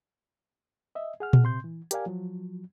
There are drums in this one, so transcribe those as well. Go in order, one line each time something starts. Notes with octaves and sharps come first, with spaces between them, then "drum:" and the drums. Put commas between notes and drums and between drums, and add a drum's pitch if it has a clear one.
D#5 E5
G#4 F#5 F6
drum: tom A#2
C3 C6 G6
E3
G4 A#4 D5 F5 G#5, drum: hi-hat
F3 F#3